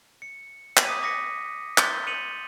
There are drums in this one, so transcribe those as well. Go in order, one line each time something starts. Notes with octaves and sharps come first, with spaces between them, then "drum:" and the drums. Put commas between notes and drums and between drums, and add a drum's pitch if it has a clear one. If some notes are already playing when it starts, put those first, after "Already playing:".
C#7
drum: clap
D6 D#6 B6 D#7
D6 D#6 A#6 B6 C#7
C6 G6 A6 B6 G7, drum: clap
C#7 D#7 F7 F#7